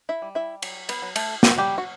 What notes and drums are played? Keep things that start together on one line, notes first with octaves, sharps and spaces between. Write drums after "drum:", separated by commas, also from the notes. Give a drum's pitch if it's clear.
E4 E5
G3
E4 E5
F#3, drum: cymbal
B3 B4, drum: cymbal
F#3
A3 A4, drum: cymbal
F#3 G4, drum: snare
F#4
G3 G4
F#4